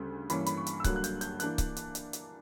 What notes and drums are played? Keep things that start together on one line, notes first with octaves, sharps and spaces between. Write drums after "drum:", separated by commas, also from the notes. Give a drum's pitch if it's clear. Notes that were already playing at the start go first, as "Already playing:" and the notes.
Already playing: D2 C#3 G3
G2 E3 A#3 C#4 B5, drum: hi-hat
B5, drum: hi-hat
C#6
drum: hi-hat
E6
G2 D3 F#3 A#3 F#6, drum: kick C#1, hi-hat
F#6
G6, drum: hi-hat
G6, drum: hi-hat
E3 A#3 D4 F#6, drum: hi-hat
drum: kick C#1, hi-hat
drum: hi-hat
drum: hi-hat
drum: hi-hat